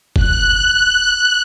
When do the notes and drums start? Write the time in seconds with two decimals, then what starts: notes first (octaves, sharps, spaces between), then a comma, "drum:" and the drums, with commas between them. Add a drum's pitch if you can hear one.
0.16 F#6, drum: kick F1